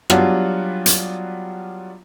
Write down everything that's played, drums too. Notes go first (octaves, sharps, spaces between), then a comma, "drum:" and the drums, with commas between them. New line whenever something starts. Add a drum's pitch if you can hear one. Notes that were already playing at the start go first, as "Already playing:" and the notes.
F#3 G3 B3 D4 F4 F#4, drum: rim click
drum: hi-hat